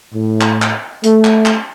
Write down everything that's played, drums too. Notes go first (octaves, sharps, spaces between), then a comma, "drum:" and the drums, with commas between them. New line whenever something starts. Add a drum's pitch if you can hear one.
A2
drum: clap
drum: clap
A3, drum: hi-hat
drum: clap
drum: clap